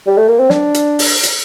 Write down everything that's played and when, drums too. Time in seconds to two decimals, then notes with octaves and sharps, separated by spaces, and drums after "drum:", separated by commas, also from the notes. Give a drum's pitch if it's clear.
0.07 G3
0.18 A3
0.28 A#3
0.39 C4
0.50 D4, drum: snare
0.74 drum: hi-hat
0.99 drum: open hi-hat
1.23 drum: hi-hat